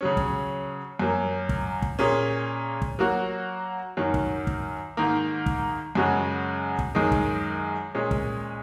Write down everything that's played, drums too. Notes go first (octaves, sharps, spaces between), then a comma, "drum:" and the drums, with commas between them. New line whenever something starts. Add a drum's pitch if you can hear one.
C#3 F#3 C#4
drum: kick
F#2 F#3 A#3
drum: kick
drum: kick
A#2 A#3 C#4 G#4
drum: kick
F#3 A#3 F#4
F#2 D#3 F#3
drum: kick
drum: kick
G#2 D#3 A#3
drum: kick
F#2 C#3 G#3 C#4 F#4
drum: kick
F#2 D#3 G#3
drum: kick
A#2 G#3 C#4
drum: kick